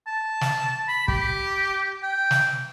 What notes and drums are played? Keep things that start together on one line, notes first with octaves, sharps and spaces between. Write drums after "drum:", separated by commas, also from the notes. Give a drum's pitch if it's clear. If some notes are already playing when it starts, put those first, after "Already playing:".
A5
drum: snare
B5
G4, drum: kick
G5
drum: snare